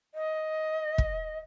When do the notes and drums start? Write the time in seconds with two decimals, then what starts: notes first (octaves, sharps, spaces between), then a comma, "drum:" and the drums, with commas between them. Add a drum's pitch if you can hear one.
0.14 D#5
0.98 drum: kick